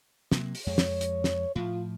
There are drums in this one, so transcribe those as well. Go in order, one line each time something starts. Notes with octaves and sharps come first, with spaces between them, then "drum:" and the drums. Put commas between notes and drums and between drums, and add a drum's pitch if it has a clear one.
C3 F#3 A#3, drum: snare
drum: open hi-hat
F2 G#3 C#5
drum: snare
drum: hi-hat
drum: snare
A2 F3 F4